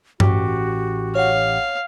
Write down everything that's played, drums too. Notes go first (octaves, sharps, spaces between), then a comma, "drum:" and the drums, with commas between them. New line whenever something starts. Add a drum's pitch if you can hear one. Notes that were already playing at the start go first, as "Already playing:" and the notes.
A1 F#4 G4, drum: tom G2
C#5 F5 F#5